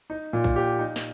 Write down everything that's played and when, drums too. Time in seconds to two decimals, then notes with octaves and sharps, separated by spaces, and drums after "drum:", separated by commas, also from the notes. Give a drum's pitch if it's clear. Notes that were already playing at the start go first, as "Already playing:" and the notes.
0.10 D#4
0.33 A#2
0.44 drum: kick A#1
0.56 G4
0.79 D#4
0.96 drum: snare